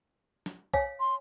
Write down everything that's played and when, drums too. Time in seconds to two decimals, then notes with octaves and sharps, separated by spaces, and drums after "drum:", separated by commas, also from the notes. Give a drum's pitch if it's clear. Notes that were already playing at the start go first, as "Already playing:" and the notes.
0.46 drum: snare
0.74 C#5 F5 G#5, drum: kick B1
1.00 C6